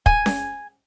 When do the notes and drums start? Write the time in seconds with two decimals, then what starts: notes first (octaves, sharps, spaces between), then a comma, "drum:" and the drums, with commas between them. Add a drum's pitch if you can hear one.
0.06 G#5, drum: kick
0.26 drum: snare C#4